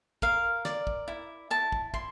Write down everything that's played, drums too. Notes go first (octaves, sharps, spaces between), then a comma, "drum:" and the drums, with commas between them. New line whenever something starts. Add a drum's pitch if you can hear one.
A#4 F5, drum: kick
D5, drum: snare
drum: kick
E4
E4 A5
drum: kick
E4 C6, drum: kick